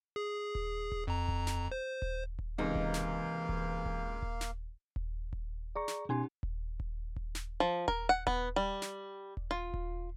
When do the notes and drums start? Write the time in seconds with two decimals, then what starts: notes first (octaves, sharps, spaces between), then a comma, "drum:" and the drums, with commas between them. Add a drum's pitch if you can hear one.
0.16 G#4
0.55 drum: kick D#1
0.92 drum: kick D#1
1.07 F2 A#5
1.28 drum: kick D#1
1.47 drum: snare
1.71 C5
2.02 drum: kick D#1
2.39 drum: kick D#1
2.58 C#2 C3 E3 A#3 D#4 F5
2.75 drum: kick D#1
2.94 drum: snare
3.49 drum: kick D#1
3.86 drum: kick D#1
4.22 drum: kick D#1
4.41 drum: snare
4.96 drum: kick D#1
5.33 drum: kick D#1
5.76 G#4 D5 A#5 C#6
5.88 drum: snare
6.09 B2 C#4 D#4 G4 G#5 C6
6.43 drum: kick D#1
6.80 drum: kick D#1
7.16 drum: kick D#1
7.35 drum: snare
7.60 F3
7.88 A#4, drum: kick D#1
8.09 F#5
8.27 B3, drum: kick D#1
8.56 G3
8.82 drum: snare
9.37 drum: kick D#1
9.51 F4
9.74 drum: kick D#1